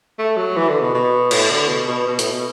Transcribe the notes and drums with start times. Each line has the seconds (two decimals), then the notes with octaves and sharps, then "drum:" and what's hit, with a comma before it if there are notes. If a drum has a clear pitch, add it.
0.19 A3
0.37 F#3
0.56 E3
0.69 D3
0.81 B2
0.94 B2
1.31 A2, drum: cymbal
1.51 D3
1.69 B2
1.88 B2
2.07 B2
2.19 A2, drum: hi-hat
2.32 B2